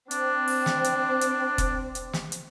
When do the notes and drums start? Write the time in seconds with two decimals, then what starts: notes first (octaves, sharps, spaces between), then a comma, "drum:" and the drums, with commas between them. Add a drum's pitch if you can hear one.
0.11 C4 D4, drum: hi-hat
0.48 drum: open hi-hat
0.66 drum: snare
0.84 drum: hi-hat
1.21 drum: hi-hat
1.58 drum: kick, hi-hat
1.95 drum: hi-hat
2.13 drum: snare
2.32 drum: hi-hat